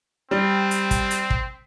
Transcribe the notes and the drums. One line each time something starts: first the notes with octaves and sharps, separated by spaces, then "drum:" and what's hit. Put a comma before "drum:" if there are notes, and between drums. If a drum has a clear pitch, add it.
G3 C4
drum: hi-hat
drum: kick, hi-hat
drum: hi-hat
drum: kick